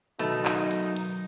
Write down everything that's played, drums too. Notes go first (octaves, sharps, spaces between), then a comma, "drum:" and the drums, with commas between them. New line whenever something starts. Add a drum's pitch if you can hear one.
B2 D#3 F#3 A3 D#4, drum: hi-hat
drum: clap
drum: hi-hat
drum: hi-hat